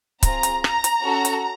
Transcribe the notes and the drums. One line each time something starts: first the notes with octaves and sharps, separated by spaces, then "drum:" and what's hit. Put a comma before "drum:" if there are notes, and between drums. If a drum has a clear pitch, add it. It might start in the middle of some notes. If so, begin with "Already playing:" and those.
C4 F4 G#4 A#5, drum: kick C#1, hi-hat
drum: hi-hat
A#5, drum: rim click
drum: hi-hat
C#4 F#4 A4
drum: hi-hat